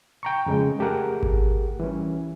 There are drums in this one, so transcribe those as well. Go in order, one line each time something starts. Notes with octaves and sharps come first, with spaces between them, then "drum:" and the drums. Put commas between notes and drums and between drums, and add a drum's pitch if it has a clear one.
G5 A#5 C#6
F2 C#3 G#3
A3 G4 G#4 A#4 F#5
drum: kick G#1
E3 G3 C#4